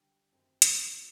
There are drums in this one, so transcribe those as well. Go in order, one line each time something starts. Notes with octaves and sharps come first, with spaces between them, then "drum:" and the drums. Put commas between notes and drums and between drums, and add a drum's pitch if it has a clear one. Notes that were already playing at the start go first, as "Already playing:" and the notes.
Already playing: D3 G3 D4 G4
F#2 D#3 A3 C4
drum: hi-hat
F#3 A#3 D#4